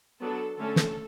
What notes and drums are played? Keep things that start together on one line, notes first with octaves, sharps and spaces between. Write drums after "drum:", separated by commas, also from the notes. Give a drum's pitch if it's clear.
F#3 B3 D4 A4
D3 A3 C#4 A4
drum: snare